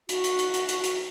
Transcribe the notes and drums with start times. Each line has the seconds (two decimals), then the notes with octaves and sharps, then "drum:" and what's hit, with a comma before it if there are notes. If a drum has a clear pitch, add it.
0.09 F#4, drum: hi-hat
0.24 drum: hi-hat
0.39 drum: hi-hat
0.54 drum: hi-hat
0.69 drum: hi-hat
0.83 drum: hi-hat